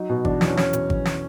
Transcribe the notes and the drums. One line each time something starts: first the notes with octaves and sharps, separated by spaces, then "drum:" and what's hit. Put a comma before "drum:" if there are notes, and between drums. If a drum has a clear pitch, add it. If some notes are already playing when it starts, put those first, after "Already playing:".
Already playing: F#3 D#4
B2
E2 D4, drum: kick G#1
E2, drum: snare
C#4
F#3 C#4, drum: snare
B2, drum: hi-hat
E2, drum: kick G#1
drum: snare